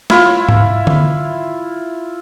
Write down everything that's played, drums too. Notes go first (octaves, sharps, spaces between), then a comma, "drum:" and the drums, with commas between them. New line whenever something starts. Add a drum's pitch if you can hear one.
E4 F4, drum: snare
drum: tom G#2
drum: tom D3